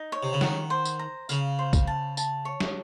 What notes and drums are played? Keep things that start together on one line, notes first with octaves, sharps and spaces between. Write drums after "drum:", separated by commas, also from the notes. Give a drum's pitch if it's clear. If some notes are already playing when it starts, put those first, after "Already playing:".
Already playing: D#4
C#5
C3
C#3
D#3 F#5, drum: snare
C5
drum: tambourine
A#5
C#3 F5, drum: tambourine
C5
drum: kick, tambourine
A5
A5, drum: tambourine
C#5
drum: snare